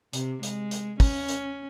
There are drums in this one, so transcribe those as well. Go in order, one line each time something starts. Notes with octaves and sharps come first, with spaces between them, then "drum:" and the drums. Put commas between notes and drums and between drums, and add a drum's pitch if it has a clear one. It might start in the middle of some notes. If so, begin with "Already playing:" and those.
C3, drum: hi-hat
G#3, drum: hi-hat
drum: hi-hat
C#4, drum: kick, open hi-hat
drum: hi-hat